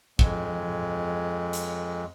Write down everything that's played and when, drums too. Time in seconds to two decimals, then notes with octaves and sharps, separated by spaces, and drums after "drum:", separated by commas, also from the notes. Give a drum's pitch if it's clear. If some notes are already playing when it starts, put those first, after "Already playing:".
0.19 F2 G#3, drum: kick
1.53 drum: hi-hat